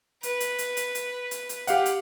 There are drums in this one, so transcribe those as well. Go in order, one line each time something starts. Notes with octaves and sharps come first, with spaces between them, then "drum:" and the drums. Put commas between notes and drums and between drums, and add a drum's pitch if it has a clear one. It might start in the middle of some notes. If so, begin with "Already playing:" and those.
B4, drum: hi-hat
drum: hi-hat
drum: hi-hat
drum: hi-hat
drum: hi-hat
drum: hi-hat
drum: hi-hat
G4 F5 F#5, drum: hi-hat
drum: hi-hat